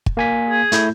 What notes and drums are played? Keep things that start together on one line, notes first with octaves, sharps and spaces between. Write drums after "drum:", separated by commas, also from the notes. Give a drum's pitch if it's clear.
drum: kick
A#3 G#5 B6
G#4
A3 E4 G6, drum: hi-hat